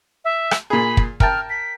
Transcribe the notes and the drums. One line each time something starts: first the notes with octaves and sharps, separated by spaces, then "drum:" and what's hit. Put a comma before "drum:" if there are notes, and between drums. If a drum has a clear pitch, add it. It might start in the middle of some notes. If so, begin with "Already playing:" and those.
E5
drum: rim click
A#2 G#4 B5
drum: kick
A#4 G5 A5 F6, drum: kick
B6